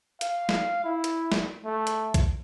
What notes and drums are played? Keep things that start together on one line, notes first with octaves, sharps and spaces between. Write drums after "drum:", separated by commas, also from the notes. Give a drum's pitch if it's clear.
F5, drum: hi-hat
drum: snare
E4
drum: hi-hat
drum: snare
A3
drum: hi-hat
drum: kick A#1, hi-hat